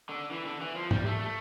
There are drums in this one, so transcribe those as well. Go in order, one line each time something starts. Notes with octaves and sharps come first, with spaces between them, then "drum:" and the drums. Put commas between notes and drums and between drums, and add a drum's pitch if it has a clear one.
D3
E3
D3
E3
F3
G3, drum: tom G#2
A3
A3